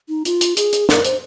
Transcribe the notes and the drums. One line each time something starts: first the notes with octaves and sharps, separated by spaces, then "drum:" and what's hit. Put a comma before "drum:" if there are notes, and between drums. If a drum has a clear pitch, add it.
D#4
F4, drum: hi-hat
drum: hi-hat
G#4, drum: hi-hat
drum: hi-hat
A#4, drum: snare
C5, drum: hi-hat